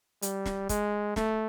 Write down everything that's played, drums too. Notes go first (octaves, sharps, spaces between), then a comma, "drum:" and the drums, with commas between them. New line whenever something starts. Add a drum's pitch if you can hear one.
G3, drum: hi-hat
drum: snare
G#3, drum: kick, hi-hat
A3, drum: snare